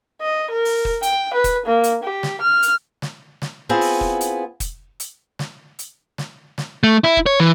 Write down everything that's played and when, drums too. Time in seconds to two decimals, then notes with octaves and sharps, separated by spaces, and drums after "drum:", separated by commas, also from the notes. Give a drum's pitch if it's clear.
0.21 D#5
0.50 A#4
0.65 drum: open hi-hat
0.85 drum: kick
1.03 G5, drum: hi-hat
1.33 B4
1.44 drum: kick, hi-hat
1.65 A#3
1.84 drum: hi-hat
2.03 G4
2.23 drum: snare
2.41 F6
2.63 drum: hi-hat
3.02 drum: snare
3.42 drum: snare
3.69 B3 C4 E4 F4 G#4
3.81 drum: open hi-hat
4.01 drum: kick
4.21 drum: hi-hat
4.60 drum: kick, hi-hat
5.00 drum: hi-hat
5.39 drum: snare
5.79 drum: hi-hat
6.18 drum: snare
6.58 drum: snare
6.84 A3
7.04 E4
7.17 drum: kick
7.26 C#5
7.40 E3